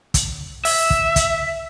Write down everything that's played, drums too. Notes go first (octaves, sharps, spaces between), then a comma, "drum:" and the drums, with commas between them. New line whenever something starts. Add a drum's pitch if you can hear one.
drum: kick, hi-hat
E5, drum: open hi-hat
drum: kick
drum: kick, hi-hat